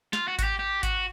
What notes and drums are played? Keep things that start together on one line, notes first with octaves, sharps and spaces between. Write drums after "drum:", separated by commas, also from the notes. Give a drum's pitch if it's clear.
F4, drum: snare
F#4
F#4, drum: kick G#1, hi-hat
G4
G4
F#4, drum: kick G#1, hi-hat